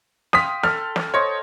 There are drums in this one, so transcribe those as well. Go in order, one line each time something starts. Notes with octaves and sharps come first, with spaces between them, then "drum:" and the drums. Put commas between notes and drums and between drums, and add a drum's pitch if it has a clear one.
F5 G5 C6 D#6 B6, drum: snare
A4 F6, drum: snare
drum: snare
C5 C#5 D#5 C6